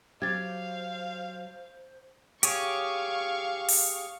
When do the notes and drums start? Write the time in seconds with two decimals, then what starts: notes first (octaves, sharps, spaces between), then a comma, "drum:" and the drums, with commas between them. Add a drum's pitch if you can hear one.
0.22 F#3 G4 C5 F5 G#6 A6
2.43 G4 G#4 C#5 F5 C#6, drum: hi-hat
3.69 drum: open hi-hat